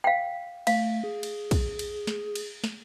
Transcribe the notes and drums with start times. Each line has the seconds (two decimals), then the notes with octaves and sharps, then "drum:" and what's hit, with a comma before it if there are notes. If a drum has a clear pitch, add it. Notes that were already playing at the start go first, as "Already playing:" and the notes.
0.04 F5 G5
0.67 A3 F5, drum: cymbal
1.04 G#4
1.23 drum: cymbal
1.51 drum: kick, cymbal
1.79 drum: cymbal
2.07 drum: snare
2.35 drum: cymbal
2.64 drum: snare